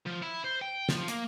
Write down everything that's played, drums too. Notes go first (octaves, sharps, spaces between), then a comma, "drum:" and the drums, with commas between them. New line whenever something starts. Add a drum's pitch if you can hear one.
F3
E4
C5
G5
F3, drum: snare
A#3, drum: hi-hat